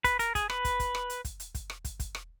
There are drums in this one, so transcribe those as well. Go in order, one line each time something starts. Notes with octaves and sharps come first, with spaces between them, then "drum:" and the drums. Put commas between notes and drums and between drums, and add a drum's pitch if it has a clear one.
B4, drum: kick, hi-hat
A#4, drum: hi-hat
G#4, drum: kick, hi-hat
B4, drum: rim click
drum: kick, hi-hat
drum: kick, hi-hat
drum: rim click
drum: hi-hat
drum: kick, hi-hat
drum: hi-hat
drum: kick, hi-hat
drum: rim click
drum: kick, hi-hat
drum: kick, hi-hat
drum: rim click